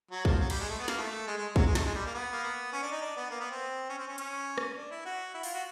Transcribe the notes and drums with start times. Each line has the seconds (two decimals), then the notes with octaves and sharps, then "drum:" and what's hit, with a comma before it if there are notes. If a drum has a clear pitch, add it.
0.11 F#3
0.25 F3, drum: kick
0.40 F#3
0.50 G3, drum: cymbal
0.60 G#3
0.70 A3
0.79 B3
0.88 A#3, drum: snare
0.98 A3
1.27 G#3
1.37 G#3
1.56 F#3, drum: kick
1.66 G#3
1.75 A3, drum: snare
1.86 G#3
1.95 G3
2.05 A#3
2.14 B3
2.33 A#3
2.43 B3
2.73 C#4
2.82 D4
2.91 D#4
3.01 D4
3.16 B3
3.31 A#3
3.40 B3
3.51 C4
3.90 C#4
3.99 C4
4.08 C#4
4.18 C#4, drum: hi-hat
4.58 drum: rim click
4.77 D4
4.91 E4
5.05 F#4
5.34 E4
5.43 F4, drum: open hi-hat
5.54 F#4